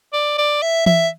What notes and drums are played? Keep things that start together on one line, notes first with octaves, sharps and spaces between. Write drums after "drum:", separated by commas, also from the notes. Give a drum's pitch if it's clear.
D5
D5
E5
E5, drum: tom E3